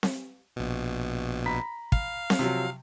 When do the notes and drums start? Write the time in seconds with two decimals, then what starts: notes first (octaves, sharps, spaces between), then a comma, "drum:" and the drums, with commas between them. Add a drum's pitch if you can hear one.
0.03 drum: snare C4
0.56 A#1 B2
1.46 A#5 B5 B6
1.92 F5, drum: kick
2.30 drum: snare C4
2.39 C3 F3 F#3